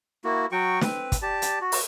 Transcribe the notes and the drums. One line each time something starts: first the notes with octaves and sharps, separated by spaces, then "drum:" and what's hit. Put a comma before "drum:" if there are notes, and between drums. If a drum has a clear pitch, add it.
A#3 E4 F#4
F#3 F#4 G5 C#6
C4 B4, drum: snare
drum: kick, hi-hat
G4 D5 A5
drum: hi-hat
F#4
drum: open hi-hat